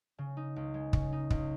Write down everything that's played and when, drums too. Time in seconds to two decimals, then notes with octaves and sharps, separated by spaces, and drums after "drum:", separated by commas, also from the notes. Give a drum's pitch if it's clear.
0.18 C#3
0.37 D#4
0.56 C#2
0.74 G#3
0.93 C#3, drum: kick
1.13 D#4
1.30 C#2, drum: kick